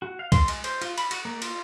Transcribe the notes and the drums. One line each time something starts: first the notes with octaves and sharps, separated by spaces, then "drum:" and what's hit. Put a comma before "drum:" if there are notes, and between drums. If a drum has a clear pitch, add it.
F#4
F5
C6, drum: kick B1, cymbal
G#3, drum: cymbal
C5, drum: cymbal
F4, drum: cymbal
B5, drum: cymbal
F#4, drum: cymbal
A#3
F4, drum: cymbal